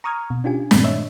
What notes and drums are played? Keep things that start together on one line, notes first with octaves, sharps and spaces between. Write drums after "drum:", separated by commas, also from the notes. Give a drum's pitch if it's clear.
A#5 C#6 D#6 F6 G#6
B2
C#4 D4 F4 G4 G#5
G2 A#2 D#3 A3 C4 D4, drum: snare
C#5 D#5 E5 E6